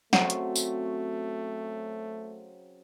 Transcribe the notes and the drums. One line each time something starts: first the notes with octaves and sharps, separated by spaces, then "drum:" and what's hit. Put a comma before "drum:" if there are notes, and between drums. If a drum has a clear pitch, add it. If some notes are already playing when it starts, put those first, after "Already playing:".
C#3 F#3 A3 C4 F#5, drum: snare
drum: hi-hat
drum: tambourine